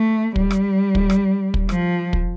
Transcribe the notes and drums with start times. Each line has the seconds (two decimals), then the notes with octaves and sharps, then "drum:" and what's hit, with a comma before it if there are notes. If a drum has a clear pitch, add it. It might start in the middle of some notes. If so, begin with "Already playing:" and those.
Already playing: A3
0.36 G3, drum: kick
0.51 drum: rim click
0.95 drum: kick
1.10 drum: rim click
1.54 drum: kick
1.69 F3, drum: rim click
2.13 drum: kick